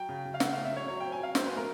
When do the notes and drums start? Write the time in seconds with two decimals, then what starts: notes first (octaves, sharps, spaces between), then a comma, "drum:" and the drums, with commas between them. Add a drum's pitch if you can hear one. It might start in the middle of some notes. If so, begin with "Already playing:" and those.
Already playing: F#3 G5
0.09 C#3
0.25 C#3
0.34 F5
0.40 C#3 F#5, drum: snare
0.53 A3 F5
0.65 E5
0.72 F#3 C#5
0.88 F#3 C#5
1.01 G5
1.04 C4
1.12 G#5
1.20 F#3 F5
1.35 F#3 C5, drum: snare
1.46 B4
1.51 A3
1.57 A#4